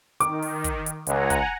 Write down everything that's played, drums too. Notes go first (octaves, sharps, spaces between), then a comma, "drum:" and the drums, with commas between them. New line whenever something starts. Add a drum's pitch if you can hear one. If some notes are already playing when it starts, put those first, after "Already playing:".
D#3 D6, drum: hi-hat
drum: open hi-hat
drum: kick, hi-hat
drum: hi-hat
C#2 F#5 G#5 A#5, drum: hi-hat
drum: kick, hi-hat